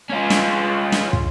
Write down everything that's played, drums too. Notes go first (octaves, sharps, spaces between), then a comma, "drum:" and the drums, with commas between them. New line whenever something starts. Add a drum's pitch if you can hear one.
C#4 F4
drum: snare
drum: snare
drum: kick